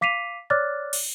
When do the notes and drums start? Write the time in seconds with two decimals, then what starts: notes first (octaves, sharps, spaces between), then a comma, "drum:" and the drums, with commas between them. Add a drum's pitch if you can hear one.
0.01 F5 D6 B6 C7 D#7 F7
0.50 C#5 D5 D6 F6 F#6 A6
0.93 drum: cymbal